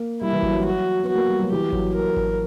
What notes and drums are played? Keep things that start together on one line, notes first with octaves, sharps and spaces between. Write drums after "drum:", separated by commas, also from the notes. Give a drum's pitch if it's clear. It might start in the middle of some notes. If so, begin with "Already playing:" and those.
Already playing: A#3
G3 E4
E3
F#3, drum: kick G#1
F#3
F#4
B3 F#4
A#3
G3
F#3
E3 G4
F#3, drum: kick G#1
A#4
drum: kick G#1